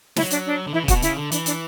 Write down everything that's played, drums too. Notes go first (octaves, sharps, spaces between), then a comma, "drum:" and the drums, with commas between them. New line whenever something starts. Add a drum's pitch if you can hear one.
F#3 E4, drum: snare
D4, drum: hi-hat
D4
D3
E3 E4
C#3
F#4, drum: kick, hi-hat
B2
C#3 E4, drum: hi-hat
D3
E3 D4, drum: hi-hat
D4, drum: hi-hat